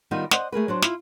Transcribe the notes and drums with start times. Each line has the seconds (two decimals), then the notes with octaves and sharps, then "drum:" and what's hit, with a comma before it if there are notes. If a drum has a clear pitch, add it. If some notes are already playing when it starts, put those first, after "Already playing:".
0.11 D#3 G3 B3 D#4 F4
0.31 C5 D5 D#5 F#5, drum: snare
0.52 A3 G#4 A#4 B4
0.68 F#3 D4 C5
0.82 E4 F4, drum: snare